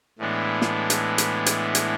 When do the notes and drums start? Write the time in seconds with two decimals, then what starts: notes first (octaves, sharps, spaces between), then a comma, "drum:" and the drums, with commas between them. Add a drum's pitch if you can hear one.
0.19 A2 E3 G#3 B3 D4
0.62 drum: snare
0.90 drum: hi-hat
1.18 drum: hi-hat
1.46 drum: hi-hat
1.75 drum: hi-hat